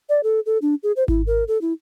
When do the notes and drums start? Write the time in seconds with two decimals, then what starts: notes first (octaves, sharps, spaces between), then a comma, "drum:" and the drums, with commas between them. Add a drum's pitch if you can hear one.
0.09 D5
0.23 A4
0.46 A4
0.62 D4
0.83 G#4
0.97 C5
1.08 E4, drum: kick G#1
1.27 A#4
1.48 A4
1.62 E4